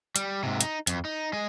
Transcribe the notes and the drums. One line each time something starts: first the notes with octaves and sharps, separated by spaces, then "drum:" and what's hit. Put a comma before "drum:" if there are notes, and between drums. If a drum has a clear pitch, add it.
G3, drum: hi-hat
G#2 C3
D#4, drum: hi-hat
F2, drum: hi-hat
D#4
G#3 D#5